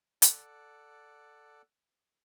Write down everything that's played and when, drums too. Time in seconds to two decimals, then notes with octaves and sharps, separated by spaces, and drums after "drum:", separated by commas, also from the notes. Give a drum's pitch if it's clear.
0.22 A4 D5 F#5, drum: hi-hat